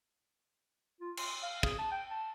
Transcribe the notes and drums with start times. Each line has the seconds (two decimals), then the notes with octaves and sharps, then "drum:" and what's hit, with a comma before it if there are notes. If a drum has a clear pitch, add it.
1.01 F4
1.17 C6, drum: cymbal
1.43 F5
1.63 G#4, drum: kick
1.78 A5
1.92 G5
2.11 A5